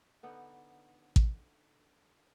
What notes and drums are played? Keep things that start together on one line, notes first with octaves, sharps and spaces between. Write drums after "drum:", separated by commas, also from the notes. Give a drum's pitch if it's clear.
D3 B3 D#4
drum: kick A1